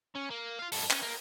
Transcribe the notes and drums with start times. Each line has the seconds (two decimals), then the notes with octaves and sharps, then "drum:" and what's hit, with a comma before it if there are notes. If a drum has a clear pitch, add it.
0.15 C#4
0.30 A#3
0.59 F4 F5
0.72 F#2 A4, drum: open hi-hat
0.91 C#4, drum: clap
1.03 A#3